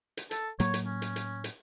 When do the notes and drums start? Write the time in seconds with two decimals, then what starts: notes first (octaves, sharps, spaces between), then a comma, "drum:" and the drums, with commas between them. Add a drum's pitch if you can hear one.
0.17 drum: hi-hat
0.31 A4, drum: hi-hat
0.60 A2 F#3 A#3 C#5, drum: hi-hat
0.74 drum: hi-hat
0.86 C#4
1.02 drum: hi-hat
1.16 drum: hi-hat
1.44 drum: hi-hat